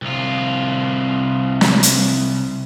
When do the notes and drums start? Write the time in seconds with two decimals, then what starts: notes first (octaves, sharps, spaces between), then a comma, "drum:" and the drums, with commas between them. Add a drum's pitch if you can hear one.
0.02 C2 F4
1.61 drum: snare
1.83 drum: hi-hat